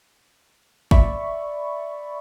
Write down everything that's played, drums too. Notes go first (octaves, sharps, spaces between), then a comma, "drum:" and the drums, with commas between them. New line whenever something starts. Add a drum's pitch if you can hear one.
D5 E5 B5 C#6, drum: kick